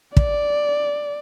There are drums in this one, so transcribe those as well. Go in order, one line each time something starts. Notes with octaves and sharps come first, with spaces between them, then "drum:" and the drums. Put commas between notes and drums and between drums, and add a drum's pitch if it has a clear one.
D5, drum: kick